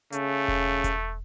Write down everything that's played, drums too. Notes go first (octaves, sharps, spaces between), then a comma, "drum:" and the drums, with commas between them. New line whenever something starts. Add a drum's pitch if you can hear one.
C#3 A3, drum: hi-hat
drum: kick E1
drum: kick E1, hi-hat